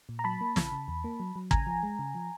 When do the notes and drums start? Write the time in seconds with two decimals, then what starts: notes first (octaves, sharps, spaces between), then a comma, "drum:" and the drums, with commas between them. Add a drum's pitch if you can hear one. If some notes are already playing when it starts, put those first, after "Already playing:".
0.09 A#2
0.19 A#5
0.24 F#3 A5 B5
0.41 A#3
0.56 C#3, drum: snare
0.72 C#3
0.88 E2
1.04 A#3
1.20 F#3
1.36 F#3
1.51 C#3 G#5 A#5, drum: kick
1.67 F3
1.83 G#3
1.99 C#3
2.15 F3